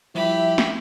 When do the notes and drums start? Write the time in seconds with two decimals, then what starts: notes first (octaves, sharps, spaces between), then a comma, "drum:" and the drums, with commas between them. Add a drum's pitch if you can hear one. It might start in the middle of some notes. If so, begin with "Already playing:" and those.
0.15 F3 G3 E4 G4 E5 B5
0.58 drum: snare